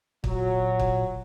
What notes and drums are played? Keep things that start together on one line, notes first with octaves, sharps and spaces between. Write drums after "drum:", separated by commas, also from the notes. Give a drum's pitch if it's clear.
A#2 F#3, drum: kick
drum: kick